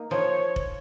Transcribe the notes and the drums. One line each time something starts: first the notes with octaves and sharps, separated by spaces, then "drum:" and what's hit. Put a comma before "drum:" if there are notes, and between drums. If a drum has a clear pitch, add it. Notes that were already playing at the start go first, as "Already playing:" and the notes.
Already playing: A#3 D#4
F3 C#5
drum: kick F1